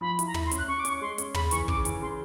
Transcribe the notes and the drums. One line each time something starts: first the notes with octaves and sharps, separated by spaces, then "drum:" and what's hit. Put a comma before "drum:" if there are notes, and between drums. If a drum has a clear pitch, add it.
F3 B5
E4, drum: hi-hat
A#5
E4 B5, drum: tom
C6
C#4, drum: hi-hat
F#6
C#4 C#6
D6
C#4 C#6, drum: hi-hat
G#3 C6
C#4, drum: hi-hat
C#3 B5, drum: tom
E3 C#6, drum: hi-hat
C#3 D6, drum: kick
E3, drum: hi-hat
C#3 C6